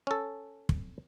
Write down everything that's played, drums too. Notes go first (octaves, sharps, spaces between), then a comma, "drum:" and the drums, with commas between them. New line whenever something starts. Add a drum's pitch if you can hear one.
C#4 A4
drum: kick